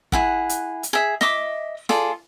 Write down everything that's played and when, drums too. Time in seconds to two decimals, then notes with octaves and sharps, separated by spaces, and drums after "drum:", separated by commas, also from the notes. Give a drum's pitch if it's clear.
0.12 E4 G#4 F#5, drum: kick
0.49 drum: hi-hat
0.83 drum: hi-hat
0.93 G#4 E5
1.21 D#5 E5 D6, drum: snare
1.89 F4 G#4 A4 D5, drum: snare